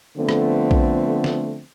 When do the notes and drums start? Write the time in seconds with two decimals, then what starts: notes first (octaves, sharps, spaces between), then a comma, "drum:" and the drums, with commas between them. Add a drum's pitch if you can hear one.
0.17 D3 F3 A3 B3 C4
0.29 drum: rim click
0.71 drum: kick A#1
1.24 drum: snare